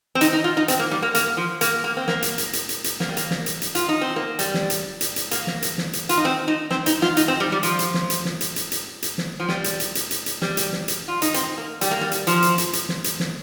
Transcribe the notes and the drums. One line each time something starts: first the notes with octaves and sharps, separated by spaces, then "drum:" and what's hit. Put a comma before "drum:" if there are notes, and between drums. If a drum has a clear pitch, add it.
C4
D#4, drum: hi-hat
D#4
F4
D#4
C4, drum: hi-hat
A#3
G3
A#3
A#3, drum: hi-hat
F3
A#3, drum: hi-hat
A#3
C4
A#3, drum: snare
drum: hi-hat
drum: hi-hat
drum: hi-hat
drum: hi-hat
drum: hi-hat
A#3, drum: snare
G3
A#3, drum: hi-hat
drum: snare
drum: hi-hat
drum: hi-hat
F4, drum: hi-hat
D#4
C4
A#3
G3, drum: hi-hat
drum: snare
drum: hi-hat
drum: hi-hat
drum: hi-hat
A#3, drum: hi-hat
drum: snare
drum: hi-hat
drum: snare
drum: hi-hat
F4, drum: hi-hat
D#4
C4
D#4
C4, drum: snare
D#4, drum: hi-hat
F4, drum: snare
D#4, drum: hi-hat
C4
G3
G3
F3, drum: hi-hat
drum: hi-hat
drum: snare
drum: hi-hat
drum: snare
drum: hi-hat
drum: hi-hat
drum: hi-hat
drum: hi-hat
drum: snare
F3
G3, drum: snare
drum: hi-hat
drum: hi-hat
drum: hi-hat
drum: hi-hat
drum: hi-hat
G3, drum: snare
drum: hi-hat
drum: snare
drum: hi-hat
F4
D#4, drum: hi-hat
C4, drum: hi-hat
A#3
G3, drum: hi-hat
A#3
G3
drum: hi-hat
F3, drum: hi-hat
drum: hi-hat
drum: hi-hat
drum: hi-hat
drum: snare
drum: hi-hat
drum: snare